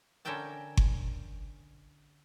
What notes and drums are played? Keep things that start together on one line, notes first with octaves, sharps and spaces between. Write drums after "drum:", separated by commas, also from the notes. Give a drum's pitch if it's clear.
D3 C#4 A#4 E5 G5 A5
drum: kick G1